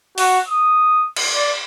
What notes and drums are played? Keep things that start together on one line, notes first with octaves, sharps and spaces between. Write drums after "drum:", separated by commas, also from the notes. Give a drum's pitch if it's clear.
F#4, drum: open hi-hat
D#6
drum: cymbal
D5